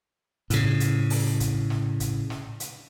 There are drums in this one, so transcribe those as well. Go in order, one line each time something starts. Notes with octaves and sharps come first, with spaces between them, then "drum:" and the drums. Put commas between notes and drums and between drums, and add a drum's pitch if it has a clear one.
A2 C#3, drum: hi-hat
drum: hi-hat
drum: open hi-hat
drum: kick, hi-hat
drum: snare
drum: kick, hi-hat
drum: snare
drum: hi-hat